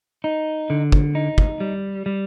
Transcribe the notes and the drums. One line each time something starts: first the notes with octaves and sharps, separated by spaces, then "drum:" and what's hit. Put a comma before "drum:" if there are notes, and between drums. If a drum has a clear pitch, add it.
D#4
D3
drum: kick
D#4
drum: kick
G3
G3